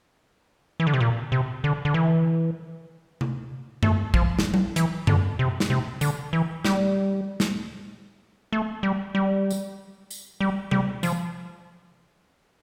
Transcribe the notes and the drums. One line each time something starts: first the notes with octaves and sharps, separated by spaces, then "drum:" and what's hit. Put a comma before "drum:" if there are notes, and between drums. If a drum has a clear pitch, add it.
E3
D3
C3
A#2
C3
D3
D3
E3
drum: tom C3
A3, drum: tom F#2
F3, drum: kick
drum: snare
drum: tom F#3
E3, drum: hi-hat
D3, drum: tom F#2
C3
drum: snare
C3
D3, drum: tambourine
E3
G3, drum: snare
drum: snare
A3
G3
G3
drum: tambourine
drum: tambourine
G3
G3, drum: tom C3
F3, drum: tambourine